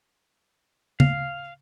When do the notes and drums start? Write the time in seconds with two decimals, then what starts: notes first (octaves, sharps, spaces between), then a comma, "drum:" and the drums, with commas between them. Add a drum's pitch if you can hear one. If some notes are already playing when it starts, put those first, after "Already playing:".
1.00 F5, drum: tom C#3